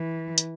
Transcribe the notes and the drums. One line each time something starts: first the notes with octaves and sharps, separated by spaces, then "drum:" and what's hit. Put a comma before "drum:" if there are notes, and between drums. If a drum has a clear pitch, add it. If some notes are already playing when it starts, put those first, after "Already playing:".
Already playing: E3
drum: hi-hat